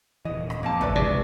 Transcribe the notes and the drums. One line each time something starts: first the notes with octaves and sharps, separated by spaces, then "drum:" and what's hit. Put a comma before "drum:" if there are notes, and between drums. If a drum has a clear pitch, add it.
D#1 E3 D#5
drum: rim click
F2 A#3 C4 A5
A3 B4 D5, drum: kick
E1 C3 G#3 G#4 D5